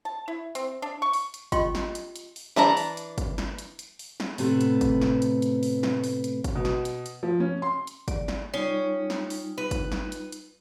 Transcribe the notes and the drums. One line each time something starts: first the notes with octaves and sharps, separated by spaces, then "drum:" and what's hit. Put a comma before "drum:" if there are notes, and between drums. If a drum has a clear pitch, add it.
A5
E4
C4, drum: hi-hat
D4
C#6
drum: open hi-hat
drum: hi-hat
C#4 F4 G4 D#5 G5 C6, drum: kick, hi-hat
drum: snare
drum: hi-hat
drum: hi-hat
drum: open hi-hat
E3 D4 A5 A#5, drum: snare
drum: open hi-hat
drum: hi-hat
drum: kick, hi-hat
drum: snare
drum: hi-hat
drum: hi-hat
drum: open hi-hat
drum: snare
A2 C3 A3 B3, drum: open hi-hat
drum: hi-hat
drum: kick, hi-hat
drum: snare
drum: hi-hat
drum: hi-hat
drum: open hi-hat
drum: snare
drum: open hi-hat
drum: hi-hat
drum: kick, hi-hat
B2
drum: snare
drum: hi-hat
drum: hi-hat
F3
C#4
C6
drum: hi-hat
D5, drum: kick, hi-hat
drum: snare
G3 C#4 D#4 F4
drum: snare
drum: open hi-hat
B4
drum: kick, hi-hat
drum: snare
drum: hi-hat
drum: hi-hat